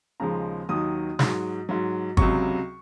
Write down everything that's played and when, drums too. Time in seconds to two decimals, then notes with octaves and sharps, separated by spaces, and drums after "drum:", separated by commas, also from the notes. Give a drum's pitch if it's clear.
0.20 D#2 C#3 F3 G#3 A#5
0.69 D#2 D#3 F#3 D#6
1.19 G#2 F#3, drum: snare
1.69 G#2 F#3
2.17 C#2 C3 F#3 C#6, drum: kick